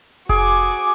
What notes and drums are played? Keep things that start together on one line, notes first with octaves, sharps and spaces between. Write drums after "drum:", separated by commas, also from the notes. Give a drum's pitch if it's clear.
F#4 G#4 G#5 D6, drum: kick F1